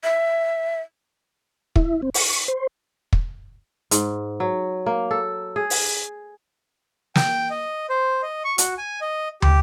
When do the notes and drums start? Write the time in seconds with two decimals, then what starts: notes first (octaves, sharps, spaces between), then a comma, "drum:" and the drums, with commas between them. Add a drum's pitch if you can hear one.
0.04 E5
1.76 E4, drum: kick
2.02 C4
2.14 C#6, drum: open hi-hat
2.48 C5
3.13 drum: kick
3.91 G#2, drum: hi-hat
4.40 F#3
4.86 A#3
5.11 A4
5.56 G#4
5.70 drum: open hi-hat
7.16 G5, drum: snare
7.50 D#5
7.90 C5
8.23 D#5
8.44 C#6
8.58 F#4, drum: hi-hat
8.78 G#5
9.01 D#5
9.42 G4, drum: tom